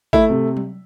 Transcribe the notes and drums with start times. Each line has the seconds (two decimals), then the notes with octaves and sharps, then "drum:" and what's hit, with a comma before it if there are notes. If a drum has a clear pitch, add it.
0.13 A3 E4, drum: kick G#1
0.30 C3
0.57 drum: tom F#3